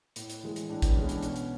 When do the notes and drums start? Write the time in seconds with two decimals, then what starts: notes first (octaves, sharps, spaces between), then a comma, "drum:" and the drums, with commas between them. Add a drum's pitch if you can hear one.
0.16 A2, drum: hi-hat
0.30 drum: hi-hat
0.43 E3 G#3
0.56 drum: hi-hat
0.69 A2 D4
0.82 B3, drum: kick, hi-hat
0.96 E3 G#3 C#4
1.09 D4, drum: hi-hat
1.23 B2 C#4, drum: hi-hat
1.36 drum: hi-hat